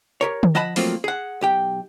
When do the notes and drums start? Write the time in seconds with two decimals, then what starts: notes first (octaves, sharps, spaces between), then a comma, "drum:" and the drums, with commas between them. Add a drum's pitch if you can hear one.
0.21 G4 A#4 C#5
0.43 drum: tom
0.55 F3 D#5 F#5 A5 B5
0.76 F3 F#3 A3 A#3 C4 F4, drum: open hi-hat
1.04 G#4 F#5
1.41 B1 G4 G5